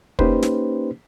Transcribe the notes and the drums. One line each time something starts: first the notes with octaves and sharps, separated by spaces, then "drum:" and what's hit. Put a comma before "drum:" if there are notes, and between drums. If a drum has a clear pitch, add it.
A#3 C#4 D#4 G4 B4 C5, drum: kick
drum: snare